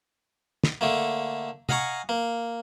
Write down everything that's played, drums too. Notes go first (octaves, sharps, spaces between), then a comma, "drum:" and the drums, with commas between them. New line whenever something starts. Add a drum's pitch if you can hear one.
drum: snare
D3 A3 A#3
D#5 F5 F#5 G#5 A#5 C#6, drum: tom C3
A#3